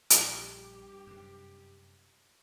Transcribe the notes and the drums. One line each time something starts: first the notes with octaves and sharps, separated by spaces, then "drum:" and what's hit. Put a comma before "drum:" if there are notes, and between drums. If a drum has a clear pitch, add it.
A#1 G2 G4, drum: hi-hat
F#2 C3